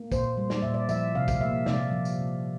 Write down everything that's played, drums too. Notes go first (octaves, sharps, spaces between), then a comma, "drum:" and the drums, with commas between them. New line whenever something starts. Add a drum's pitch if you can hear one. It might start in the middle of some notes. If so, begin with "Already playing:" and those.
Already playing: A#3
A#2 C5, drum: kick, tambourine
G3
D5, drum: snare
A#2 E5
D5
F3 E5, drum: tambourine
C3 F5
drum: kick, tambourine
A#3 E5
C3 D5, drum: snare
F3
drum: tambourine
C3